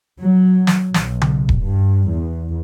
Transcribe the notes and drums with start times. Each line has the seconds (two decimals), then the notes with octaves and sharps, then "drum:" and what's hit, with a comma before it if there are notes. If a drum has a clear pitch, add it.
0.22 F#3
0.67 drum: snare
0.94 B1, drum: snare
1.22 drum: tom C#3
1.49 drum: kick D#1
1.60 G2
2.10 E2